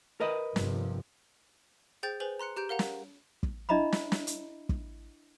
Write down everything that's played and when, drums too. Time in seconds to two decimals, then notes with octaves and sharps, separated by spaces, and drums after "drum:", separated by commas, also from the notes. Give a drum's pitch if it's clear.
0.20 A#4 B4 D#5
0.56 G1 C3 F3, drum: snare
2.03 G#4 C5 G5 G6 A6
2.20 G#4 B4 C5 G#5 F#7
2.39 A#5 C6 F#6 C#7
2.56 G4 A#5 G6 D7
2.69 A#4 F5 F#5 A#5
2.79 drum: snare
3.43 drum: kick
3.69 D4 E4 D#5 E5 A#5 B5
3.92 drum: snare
4.12 drum: snare
4.27 drum: hi-hat
4.69 drum: kick